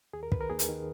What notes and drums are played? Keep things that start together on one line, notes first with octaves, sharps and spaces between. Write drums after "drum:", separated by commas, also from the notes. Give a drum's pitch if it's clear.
D#2 G#4
A#4
D#3 B4, drum: kick
A#4
D#2 G#4
drum: hi-hat
D#3